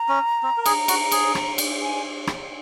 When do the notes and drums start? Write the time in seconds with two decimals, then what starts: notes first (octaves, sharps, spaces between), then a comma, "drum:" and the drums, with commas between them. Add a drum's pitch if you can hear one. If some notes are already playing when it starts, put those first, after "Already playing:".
Already playing: A#5
0.09 C#4
0.43 C4
0.57 A#4
0.66 G#4, drum: cymbal
0.88 F#4, drum: cymbal
1.12 G#4, drum: cymbal
1.35 drum: rim click
1.58 drum: cymbal
1.81 G#5
2.27 drum: rim click